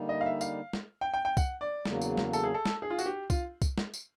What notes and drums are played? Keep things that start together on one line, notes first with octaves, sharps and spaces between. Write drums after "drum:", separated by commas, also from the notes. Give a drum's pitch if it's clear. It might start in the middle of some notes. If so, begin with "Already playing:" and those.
Already playing: D3 G3 A#3 D#4
D#5
F5
E5
F5, drum: tambourine
drum: snare
G5
G5
G5
F#5, drum: kick C2, tambourine
D5
E2 C#3 F#3 A#3, drum: snare
drum: tambourine
drum: snare
A4, drum: tambourine
G#4
A4
drum: snare
G#4
F4
F#4, drum: tambourine
G4
F4, drum: kick C2, tambourine
drum: kick C2, tambourine
drum: snare
drum: tambourine